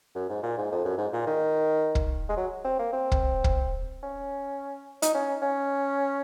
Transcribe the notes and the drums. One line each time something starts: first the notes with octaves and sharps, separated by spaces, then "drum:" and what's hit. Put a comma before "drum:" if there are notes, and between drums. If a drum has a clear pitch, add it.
F#2
G#2
A#2
G#2
F2
F#2
G#2
A#2
D#3
drum: kick
G#3
F#3
C4
A#3
C4
drum: kick
drum: kick
C#4
D#4, drum: hi-hat
C#4
C#4